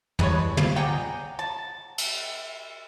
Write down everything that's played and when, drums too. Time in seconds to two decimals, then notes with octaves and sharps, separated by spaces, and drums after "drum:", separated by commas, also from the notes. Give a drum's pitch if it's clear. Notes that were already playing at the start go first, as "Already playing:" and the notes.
0.19 E3 G3 G#3 D4 B4 C#5, drum: tom
0.57 F3 G3, drum: tom
0.76 G#4 D5 F#5 G5 A#5
1.39 A5
1.98 drum: cymbal